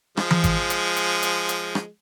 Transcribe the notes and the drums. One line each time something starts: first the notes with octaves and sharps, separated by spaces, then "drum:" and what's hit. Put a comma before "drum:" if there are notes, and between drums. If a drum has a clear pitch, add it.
F3 G#3, drum: rim click
drum: tom E3
drum: kick G#1, hi-hat
drum: hi-hat
drum: hi-hat
drum: hi-hat
drum: hi-hat
drum: rim click